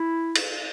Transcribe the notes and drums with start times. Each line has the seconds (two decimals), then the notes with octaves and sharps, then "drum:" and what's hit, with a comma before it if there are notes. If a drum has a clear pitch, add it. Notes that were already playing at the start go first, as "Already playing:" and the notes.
Already playing: E4
0.35 drum: cymbal